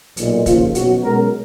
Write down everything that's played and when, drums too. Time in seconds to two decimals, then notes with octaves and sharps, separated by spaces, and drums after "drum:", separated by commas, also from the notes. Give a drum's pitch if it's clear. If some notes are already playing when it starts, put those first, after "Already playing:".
0.17 B1 A#2 G#3, drum: hi-hat
0.46 D#2 C#3 F3 F4, drum: kick, hi-hat
0.75 B1 B2 F#3 C#4 F#4, drum: hi-hat
1.04 B1 B2 G#3 C#4 F#4 A#4